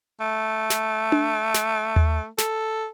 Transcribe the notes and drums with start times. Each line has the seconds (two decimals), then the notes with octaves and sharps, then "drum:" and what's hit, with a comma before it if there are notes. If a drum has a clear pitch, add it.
0.20 A3
0.70 drum: snare
1.12 drum: tom D4
1.54 drum: snare
1.96 drum: tom D#2
2.38 A4, drum: snare